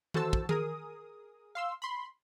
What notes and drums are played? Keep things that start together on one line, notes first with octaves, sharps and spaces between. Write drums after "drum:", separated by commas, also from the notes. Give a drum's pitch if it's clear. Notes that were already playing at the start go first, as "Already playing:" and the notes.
E3 F#4 A4 C5 A5 E6, drum: tom D#3
drum: kick
G#4 A#4 D#6, drum: tom D#3
F5 C6 E6
B5 C6